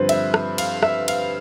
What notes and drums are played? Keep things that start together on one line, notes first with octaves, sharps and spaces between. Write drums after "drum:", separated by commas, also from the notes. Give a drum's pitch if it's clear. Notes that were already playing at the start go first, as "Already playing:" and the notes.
Already playing: G2 D3 F3 C4 B4 C5
E5, drum: cymbal
drum: rim click
F5, drum: cymbal
E5, drum: rim click
F5, drum: cymbal